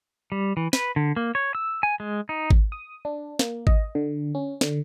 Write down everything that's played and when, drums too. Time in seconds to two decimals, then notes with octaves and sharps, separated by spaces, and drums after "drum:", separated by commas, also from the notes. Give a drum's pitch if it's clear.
0.32 G3
0.57 E3
0.73 B4, drum: snare
0.96 D3
1.16 A#3
1.35 C#5
1.55 E6
1.83 G#5
2.00 G#3
2.29 D#4
2.51 drum: kick G#1
2.72 D#6
3.05 D4
3.39 A#3, drum: snare
3.67 D#5, drum: kick G#1
3.95 D3
4.35 C#4
4.61 D3, drum: snare